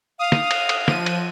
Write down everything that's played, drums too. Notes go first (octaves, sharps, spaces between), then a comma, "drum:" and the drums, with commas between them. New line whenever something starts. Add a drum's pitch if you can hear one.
F5 D#6
drum: snare
drum: cymbal
drum: cymbal
F3 D#7, drum: snare
drum: cymbal